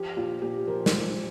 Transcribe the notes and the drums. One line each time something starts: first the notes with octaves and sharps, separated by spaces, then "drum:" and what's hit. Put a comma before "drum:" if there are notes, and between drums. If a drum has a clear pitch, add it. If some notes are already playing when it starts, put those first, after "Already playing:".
Already playing: F3 G4
A#2 F4
A#2 G4
F3 A#4
drum: snare